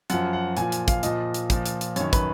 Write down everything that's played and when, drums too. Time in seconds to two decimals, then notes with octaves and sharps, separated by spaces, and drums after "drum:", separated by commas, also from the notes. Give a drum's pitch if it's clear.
0.10 F#2 F3 F#5, drum: hi-hat
0.33 F#5
0.57 A#2 F3 G#5, drum: hi-hat
0.72 drum: hi-hat
0.88 F5, drum: kick, hi-hat
1.03 A#2 F3 D#5, drum: hi-hat
1.34 drum: hi-hat
1.50 A#2 F3, drum: kick, hi-hat
1.66 drum: hi-hat
1.81 drum: hi-hat
1.96 F#2 D#3 C#5, drum: hi-hat
2.13 B4, drum: kick, hi-hat